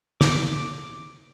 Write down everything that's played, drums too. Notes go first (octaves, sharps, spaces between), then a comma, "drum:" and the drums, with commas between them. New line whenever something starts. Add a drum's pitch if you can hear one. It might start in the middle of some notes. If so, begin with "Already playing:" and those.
D6, drum: snare